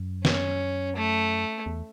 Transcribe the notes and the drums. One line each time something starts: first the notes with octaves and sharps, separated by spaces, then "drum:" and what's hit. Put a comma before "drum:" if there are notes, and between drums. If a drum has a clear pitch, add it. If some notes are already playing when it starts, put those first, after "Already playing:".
Already playing: F#2
C#4, drum: snare
A3
E2